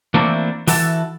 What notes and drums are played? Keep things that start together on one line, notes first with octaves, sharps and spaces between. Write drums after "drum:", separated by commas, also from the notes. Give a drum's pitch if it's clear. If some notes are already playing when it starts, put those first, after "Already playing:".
E3 A3 A#3 C4 D4 E4
E3 E4 F#4 A4, drum: open hi-hat